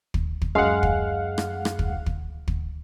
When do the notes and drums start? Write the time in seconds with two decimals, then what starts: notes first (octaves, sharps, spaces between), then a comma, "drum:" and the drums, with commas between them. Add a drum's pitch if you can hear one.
0.14 drum: kick
0.42 drum: kick
0.55 F#2 G#3 F5 F#5
0.83 drum: kick
1.38 drum: rim click
1.65 drum: rim click
1.79 drum: kick
2.06 drum: kick
2.48 drum: kick